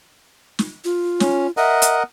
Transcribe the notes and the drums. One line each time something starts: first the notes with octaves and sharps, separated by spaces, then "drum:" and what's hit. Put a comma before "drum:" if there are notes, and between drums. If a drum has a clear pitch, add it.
drum: snare
F4
C#4, drum: snare
A#4 D#5 E5 F#5
drum: hi-hat